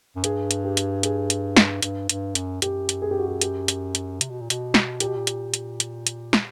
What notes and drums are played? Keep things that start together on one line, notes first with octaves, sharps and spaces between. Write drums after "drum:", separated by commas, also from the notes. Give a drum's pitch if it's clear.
F#2
G2 G#4, drum: hi-hat
drum: hi-hat
G4
drum: hi-hat
G#4, drum: hi-hat
drum: hi-hat
drum: snare
G2, drum: hi-hat
G2, drum: hi-hat
F#2, drum: hi-hat
F#2 G4, drum: hi-hat
drum: hi-hat
G#4
G4
F#4
G4
G4, drum: hi-hat
drum: hi-hat
drum: hi-hat
C3, drum: hi-hat
B2
A#2
B2, drum: hi-hat
drum: snare
A#2 G4, drum: hi-hat
B2
A#2
drum: hi-hat
drum: hi-hat
drum: hi-hat
drum: hi-hat
drum: snare